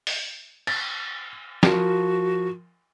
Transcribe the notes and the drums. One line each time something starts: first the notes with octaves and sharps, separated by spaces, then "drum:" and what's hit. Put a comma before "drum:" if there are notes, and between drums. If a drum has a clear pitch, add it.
drum: open hi-hat
A6, drum: cymbal
F3 F#4 A#4, drum: snare